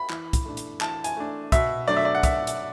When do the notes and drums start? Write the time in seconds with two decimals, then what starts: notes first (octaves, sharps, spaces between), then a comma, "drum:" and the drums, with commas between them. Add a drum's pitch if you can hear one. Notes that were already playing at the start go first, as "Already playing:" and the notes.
Already playing: B5
0.09 E3, drum: clap
0.33 drum: kick, hi-hat
0.45 A3 D4
0.57 drum: hi-hat
0.81 E3 A5, drum: clap
1.04 G#5, drum: hi-hat
1.16 A3 D4
1.52 B2 E5, drum: kick, hi-hat
1.88 F#3 A3 D4 D5
1.97 E5
2.05 D5
2.15 F#5
2.23 B2 E5, drum: kick, hi-hat
2.47 drum: hi-hat